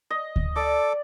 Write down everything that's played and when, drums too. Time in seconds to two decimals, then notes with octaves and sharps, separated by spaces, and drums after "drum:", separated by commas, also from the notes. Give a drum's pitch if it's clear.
0.10 D#5
0.36 drum: kick D2
0.56 A4 D5 D6